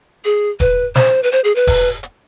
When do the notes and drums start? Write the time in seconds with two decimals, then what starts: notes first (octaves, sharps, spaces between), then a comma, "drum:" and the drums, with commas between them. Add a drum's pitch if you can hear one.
0.25 G#4
0.60 B4, drum: kick E1, hi-hat
0.95 C5, drum: snare
1.23 B4
1.32 C5, drum: hi-hat
1.44 G#4
1.56 B4
1.67 drum: kick E1, open hi-hat
2.03 drum: hi-hat